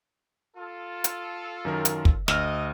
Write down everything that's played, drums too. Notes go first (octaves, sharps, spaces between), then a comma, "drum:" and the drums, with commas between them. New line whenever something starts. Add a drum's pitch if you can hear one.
F4 A4
drum: hi-hat
F#2 D#3 A#4
drum: hi-hat
drum: kick
D2 D#5 E6 F6, drum: snare